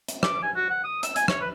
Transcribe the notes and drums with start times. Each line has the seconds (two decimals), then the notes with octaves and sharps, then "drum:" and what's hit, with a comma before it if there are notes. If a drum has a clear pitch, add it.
0.08 drum: hi-hat
0.23 D6, drum: rim click
0.43 G#5
0.56 F#4
0.70 F#5
0.84 D#6
1.03 E6, drum: hi-hat
1.16 G#5, drum: hi-hat
1.28 C#5, drum: rim click
1.41 B4